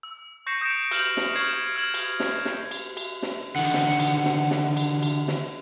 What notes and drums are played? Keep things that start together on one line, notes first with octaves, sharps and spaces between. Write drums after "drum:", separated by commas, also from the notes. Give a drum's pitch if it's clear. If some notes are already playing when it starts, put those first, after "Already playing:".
E6
C#6 G6 A#6 C7 C#7 E7
D#6 G6 A#6 C#7 D7 E7
E6 F6 G6 E7 F#7, drum: cymbal
drum: snare
C#6 F6 G#6 C7 E7 F#7
E6 F6 G#6 F#7
drum: cymbal
drum: snare
drum: snare
drum: cymbal
drum: cymbal
drum: snare
D3 D#3 F#5
drum: snare
drum: cymbal
drum: snare
drum: snare
drum: cymbal
drum: cymbal
drum: snare